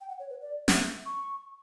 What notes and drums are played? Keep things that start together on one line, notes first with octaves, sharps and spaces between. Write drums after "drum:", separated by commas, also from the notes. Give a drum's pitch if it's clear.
G5
F#5
C#5
B4
D5
F#5, drum: snare
E5
C#6